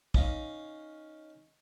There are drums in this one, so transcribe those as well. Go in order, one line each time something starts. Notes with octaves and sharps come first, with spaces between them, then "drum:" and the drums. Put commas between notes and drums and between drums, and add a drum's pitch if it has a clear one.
C#4 D#4 F5, drum: kick